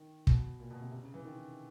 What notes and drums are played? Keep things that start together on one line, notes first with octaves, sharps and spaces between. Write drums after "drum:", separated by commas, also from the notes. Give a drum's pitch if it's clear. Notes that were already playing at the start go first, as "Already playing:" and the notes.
Already playing: D#3
B2, drum: kick
A#2
B2
C3
C3
C#3
E3
D#3